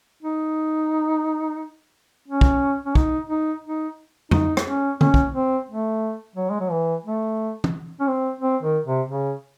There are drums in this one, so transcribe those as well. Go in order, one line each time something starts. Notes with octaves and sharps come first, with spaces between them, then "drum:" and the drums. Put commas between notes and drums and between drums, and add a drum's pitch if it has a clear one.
D#4
C#4
drum: kick
C#4
D#4, drum: kick
D#4
D#4
D#4, drum: tom F2
drum: rim click
C#4
C#4, drum: tom D3
drum: kick
C4
A3
F#3
G#3
F#3
E3
A3
drum: tom
C#4
C4
C4
D#3
C3
C#3